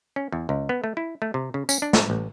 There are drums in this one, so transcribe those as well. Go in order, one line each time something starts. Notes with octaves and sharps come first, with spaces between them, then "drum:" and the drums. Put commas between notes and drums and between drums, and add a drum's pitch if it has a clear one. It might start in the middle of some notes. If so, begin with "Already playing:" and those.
C#4
E2
C#2
B3
A3
E4
A3
C3
C#3
C#4, drum: tambourine
D4
drum: snare
A1